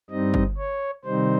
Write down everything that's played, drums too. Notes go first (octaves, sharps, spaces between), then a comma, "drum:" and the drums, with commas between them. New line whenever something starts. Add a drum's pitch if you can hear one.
G2 G3 C4 D#4 D#5
drum: kick G1
C#5
C3 D#3 G3 C4 D#4 C5